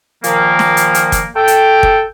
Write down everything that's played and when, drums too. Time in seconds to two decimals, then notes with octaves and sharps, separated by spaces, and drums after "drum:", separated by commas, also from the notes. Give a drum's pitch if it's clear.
0.24 A#2 D#3 F3 A#3, drum: hi-hat
0.59 drum: snare
0.77 drum: hi-hat
0.94 drum: hi-hat
1.12 drum: kick, hi-hat
1.36 A4 G5
1.48 drum: hi-hat
1.83 drum: kick